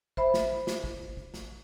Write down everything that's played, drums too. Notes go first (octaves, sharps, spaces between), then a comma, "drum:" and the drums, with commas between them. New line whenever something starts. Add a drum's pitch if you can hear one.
C5 E5 B5, drum: kick
drum: snare
drum: snare
drum: kick
drum: kick
drum: snare